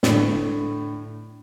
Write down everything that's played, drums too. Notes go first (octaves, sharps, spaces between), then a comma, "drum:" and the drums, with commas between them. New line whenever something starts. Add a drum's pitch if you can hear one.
A2 D3, drum: snare